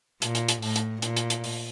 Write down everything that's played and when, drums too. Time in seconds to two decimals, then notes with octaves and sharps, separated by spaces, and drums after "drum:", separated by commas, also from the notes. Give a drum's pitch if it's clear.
0.22 A#2, drum: hi-hat
0.35 drum: hi-hat
0.48 drum: hi-hat
0.62 A2, drum: open hi-hat
0.76 drum: hi-hat
1.02 A#2, drum: hi-hat
1.17 drum: hi-hat
1.30 drum: hi-hat
1.44 drum: open hi-hat